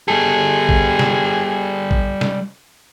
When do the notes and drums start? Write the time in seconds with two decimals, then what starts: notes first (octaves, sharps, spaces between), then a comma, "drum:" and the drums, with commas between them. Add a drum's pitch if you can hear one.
0.08 G3 G#4 A4
0.69 drum: kick
0.99 drum: snare
1.91 drum: kick
2.21 drum: snare